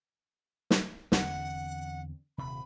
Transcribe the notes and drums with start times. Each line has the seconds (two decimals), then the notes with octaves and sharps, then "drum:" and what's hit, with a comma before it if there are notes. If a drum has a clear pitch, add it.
0.71 drum: snare
1.12 E2 D3 C4 F#5, drum: snare
2.38 D#1 C3 B5